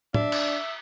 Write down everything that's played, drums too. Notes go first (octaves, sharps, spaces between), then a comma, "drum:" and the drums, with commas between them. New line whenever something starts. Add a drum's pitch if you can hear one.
D4 E5, drum: tom
drum: cymbal